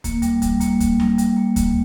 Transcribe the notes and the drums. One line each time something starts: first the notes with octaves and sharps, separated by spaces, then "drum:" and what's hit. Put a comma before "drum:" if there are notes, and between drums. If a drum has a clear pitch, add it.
A#3, drum: kick D2, hi-hat
G3, drum: hi-hat
G3, drum: kick D2, hi-hat
A#3, drum: hi-hat
A#3, drum: kick D2, hi-hat
G3, drum: snare C4
G3, drum: hi-hat
A#3
A#3, drum: kick D2, hi-hat